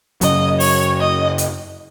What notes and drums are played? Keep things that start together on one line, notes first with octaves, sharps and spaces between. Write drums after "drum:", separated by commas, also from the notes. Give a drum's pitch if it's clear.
F#2 C#3 F#3 D#5, drum: hi-hat
C#5, drum: open hi-hat
D#5
drum: hi-hat